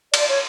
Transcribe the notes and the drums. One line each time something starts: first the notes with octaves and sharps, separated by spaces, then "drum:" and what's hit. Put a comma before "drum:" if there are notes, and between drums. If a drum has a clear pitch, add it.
D5, drum: cymbal
C#5